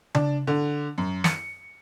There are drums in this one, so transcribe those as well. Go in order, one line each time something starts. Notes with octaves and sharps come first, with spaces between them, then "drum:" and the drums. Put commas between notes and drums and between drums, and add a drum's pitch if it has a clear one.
D4, drum: tom C#3
D3
F#2
C#7, drum: snare